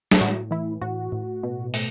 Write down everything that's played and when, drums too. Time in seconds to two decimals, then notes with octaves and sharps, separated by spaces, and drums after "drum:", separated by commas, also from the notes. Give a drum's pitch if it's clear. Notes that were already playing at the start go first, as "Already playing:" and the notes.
0.11 drum: snare
0.21 A2 F#4
0.51 E3 E4
0.81 A2 F#4
1.12 A2
1.43 B2
1.74 A3, drum: open hi-hat